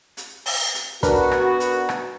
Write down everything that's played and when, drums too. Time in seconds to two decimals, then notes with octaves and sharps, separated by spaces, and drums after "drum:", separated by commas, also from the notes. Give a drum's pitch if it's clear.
0.17 drum: hi-hat
0.46 drum: open hi-hat
0.74 drum: hi-hat
1.03 B3 D4 F#4 A#4 B4, drum: kick, hi-hat
1.31 drum: rim click
1.60 drum: hi-hat
1.89 drum: rim click